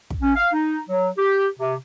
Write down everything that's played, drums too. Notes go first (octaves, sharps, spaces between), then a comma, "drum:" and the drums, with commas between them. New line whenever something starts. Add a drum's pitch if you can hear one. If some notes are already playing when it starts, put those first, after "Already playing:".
drum: kick
C#4
F5
D#4
F#3
G4
C3